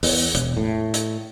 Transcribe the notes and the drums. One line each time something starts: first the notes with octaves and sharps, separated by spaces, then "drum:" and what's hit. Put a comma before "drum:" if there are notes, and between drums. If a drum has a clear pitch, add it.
E2, drum: open hi-hat
E1, drum: hi-hat
A2
drum: hi-hat